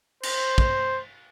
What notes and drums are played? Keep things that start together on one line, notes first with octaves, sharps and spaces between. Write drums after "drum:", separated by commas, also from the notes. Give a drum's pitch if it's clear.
C5, drum: cymbal
drum: kick